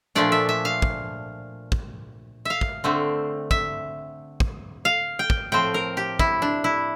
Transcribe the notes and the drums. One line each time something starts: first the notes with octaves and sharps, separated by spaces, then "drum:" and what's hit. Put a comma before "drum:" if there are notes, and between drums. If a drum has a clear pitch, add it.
A#2 F3 A3 D4 D5
E5
E5
F5
drum: kick
drum: kick
E5 F5
drum: kick
D3 A3 C4
E5, drum: kick
drum: kick
F5
G5
drum: kick
A2 F3 C4 G5
A#4
G4
E4, drum: kick
D4
E4